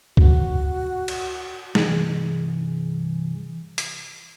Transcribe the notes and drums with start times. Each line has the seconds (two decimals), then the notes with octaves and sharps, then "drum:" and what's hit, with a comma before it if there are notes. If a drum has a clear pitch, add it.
0.17 F#4, drum: kick C#2
1.08 drum: cymbal
1.75 C2 G2 E3 G#4, drum: snare
3.78 drum: hi-hat